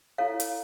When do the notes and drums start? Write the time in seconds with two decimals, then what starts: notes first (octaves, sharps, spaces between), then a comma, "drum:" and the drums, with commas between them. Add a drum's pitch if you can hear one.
0.18 E4 A4 C#5 F5
0.40 drum: hi-hat